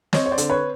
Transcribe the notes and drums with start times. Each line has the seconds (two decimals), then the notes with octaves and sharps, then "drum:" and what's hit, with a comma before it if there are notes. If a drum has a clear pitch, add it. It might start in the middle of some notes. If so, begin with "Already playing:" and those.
0.13 C4 C#5 D#5, drum: snare
0.26 C#5
0.32 C5 D5
0.38 D3, drum: hi-hat
0.50 B4 C#5